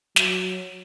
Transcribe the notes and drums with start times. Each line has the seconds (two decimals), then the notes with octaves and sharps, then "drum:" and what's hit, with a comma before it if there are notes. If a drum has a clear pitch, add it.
0.16 F#3, drum: snare